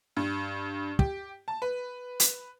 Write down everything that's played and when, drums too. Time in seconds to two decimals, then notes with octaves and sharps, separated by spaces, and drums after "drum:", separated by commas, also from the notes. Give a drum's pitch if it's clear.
0.17 G2
0.99 G4, drum: kick
1.48 A5
1.62 B4
2.20 drum: hi-hat